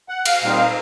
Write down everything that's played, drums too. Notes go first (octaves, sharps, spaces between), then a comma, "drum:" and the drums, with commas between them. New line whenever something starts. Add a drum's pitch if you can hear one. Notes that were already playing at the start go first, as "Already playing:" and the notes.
F#5
F5, drum: cymbal
A#2 G3 C4 D#4 F5